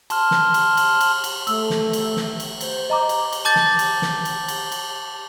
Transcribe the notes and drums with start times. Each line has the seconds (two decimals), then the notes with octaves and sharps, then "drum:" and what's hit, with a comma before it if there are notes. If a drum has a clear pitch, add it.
0.10 A5 C6 F6, drum: cymbal
0.31 drum: snare
0.54 drum: cymbal
0.77 drum: cymbal
1.01 drum: cymbal
1.24 drum: cymbal
1.47 A3 E6, drum: cymbal
1.70 drum: snare
1.93 drum: cymbal
2.17 drum: snare
2.40 drum: cymbal
2.61 C5, drum: cymbal
2.90 D#5 A#5 D6
3.09 drum: cymbal
3.32 drum: cymbal
3.45 A5 D6 G6 A6
3.56 drum: snare
3.79 drum: cymbal
4.02 drum: snare
4.25 drum: cymbal
4.48 drum: cymbal
4.72 drum: cymbal